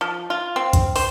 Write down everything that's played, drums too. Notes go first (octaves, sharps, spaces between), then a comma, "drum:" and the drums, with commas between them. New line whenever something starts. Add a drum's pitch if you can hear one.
F3
F4
C4
drum: kick, hi-hat
C5, drum: open hi-hat